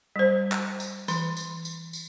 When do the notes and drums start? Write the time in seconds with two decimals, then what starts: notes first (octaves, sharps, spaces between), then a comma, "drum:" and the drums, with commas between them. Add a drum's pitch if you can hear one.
0.16 G3 C5
0.52 drum: clap
0.80 drum: tambourine
1.08 E3 C6, drum: tambourine
1.37 drum: tambourine
1.65 drum: tambourine
1.93 drum: tambourine